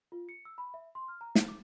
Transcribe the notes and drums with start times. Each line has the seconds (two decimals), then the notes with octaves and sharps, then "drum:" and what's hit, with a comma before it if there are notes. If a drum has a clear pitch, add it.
0.12 F4
0.29 C#7
0.45 E6
0.58 B5
0.74 E5
0.95 C6
1.08 F6
1.21 A#5
1.35 A6, drum: snare
1.48 D6